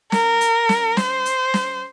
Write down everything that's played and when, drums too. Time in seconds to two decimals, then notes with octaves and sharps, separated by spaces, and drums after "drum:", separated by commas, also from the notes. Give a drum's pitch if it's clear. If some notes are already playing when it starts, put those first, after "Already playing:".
0.12 A#4, drum: snare
0.41 drum: hi-hat
0.69 drum: snare
0.97 C5, drum: snare
1.25 drum: hi-hat
1.54 drum: snare